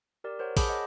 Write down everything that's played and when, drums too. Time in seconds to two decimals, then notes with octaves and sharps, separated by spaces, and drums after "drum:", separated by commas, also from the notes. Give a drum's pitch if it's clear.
0.24 G4 A#4 D5
0.39 A#4 C5 C#5 F#5
0.57 G#4 F#5 A5 B5 D6 G6, drum: kick A1, open hi-hat
0.69 C#5 D#5 F#5